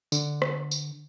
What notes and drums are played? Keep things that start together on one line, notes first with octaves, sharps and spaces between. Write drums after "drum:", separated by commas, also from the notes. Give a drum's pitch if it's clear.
D3, drum: tambourine
drum: rim click
drum: tambourine